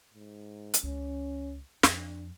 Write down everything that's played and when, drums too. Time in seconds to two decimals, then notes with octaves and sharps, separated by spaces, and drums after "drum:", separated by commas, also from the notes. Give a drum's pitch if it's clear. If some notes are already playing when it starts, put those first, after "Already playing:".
0.14 G#2
0.74 drum: hi-hat
0.83 C#2 C#4
1.83 F2 D4, drum: snare